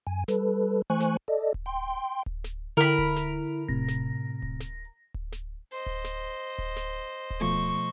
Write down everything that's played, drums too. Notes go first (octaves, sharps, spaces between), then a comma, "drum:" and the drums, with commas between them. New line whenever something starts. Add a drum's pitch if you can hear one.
F#2 G#5
G3 A4 B4, drum: snare
E3 A3 C5 G#5 C#6 F#6
drum: snare
A4 D5 D#5
drum: kick D1
G5 C6
drum: kick D1
drum: snare
D3 E4 A#4 B5
drum: kick D1
drum: snare
A2 C3 A#6, drum: kick D1
drum: snare
drum: kick D1
drum: snare
drum: kick D1
drum: snare
C5 D#5
drum: kick D1
drum: snare
drum: kick D1
drum: snare
drum: kick D1
B2 F3 A3 C#6